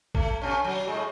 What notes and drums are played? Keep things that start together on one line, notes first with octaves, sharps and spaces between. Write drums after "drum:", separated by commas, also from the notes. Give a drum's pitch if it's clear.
A3, drum: kick G#1
B2 C#4
F#3
A2 G#3